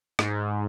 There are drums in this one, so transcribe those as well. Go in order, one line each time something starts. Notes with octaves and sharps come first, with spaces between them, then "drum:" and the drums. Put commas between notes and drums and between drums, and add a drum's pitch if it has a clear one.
G#2, drum: rim click